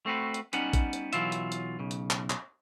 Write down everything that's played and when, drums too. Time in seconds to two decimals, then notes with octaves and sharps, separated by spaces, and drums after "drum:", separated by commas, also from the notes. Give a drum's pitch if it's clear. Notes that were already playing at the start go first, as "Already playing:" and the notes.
0.06 A3 C4 F#4 B4
0.34 drum: hi-hat
0.53 G3 B3 C#4 D#4 F#5, drum: hi-hat
0.73 drum: kick A1, hi-hat
0.93 drum: hi-hat
1.13 B1 E3 F#3 F4 E5, drum: hi-hat
1.32 drum: hi-hat
1.52 drum: hi-hat
1.79 B1 C#3
1.91 drum: hi-hat
2.10 drum: clap
2.30 drum: clap